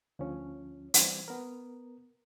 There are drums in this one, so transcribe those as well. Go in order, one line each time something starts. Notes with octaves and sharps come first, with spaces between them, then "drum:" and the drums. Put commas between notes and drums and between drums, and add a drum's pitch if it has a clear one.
D2 F3 C#4
E3 G3 C4 G#6, drum: hi-hat
B3 A#4